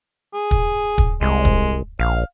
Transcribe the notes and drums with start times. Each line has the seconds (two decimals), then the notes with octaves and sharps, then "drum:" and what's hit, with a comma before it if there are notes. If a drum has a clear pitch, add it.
0.34 G#4
0.51 drum: kick
0.98 drum: kick
1.21 C2 G#3
1.45 drum: kick
1.99 A#1 F5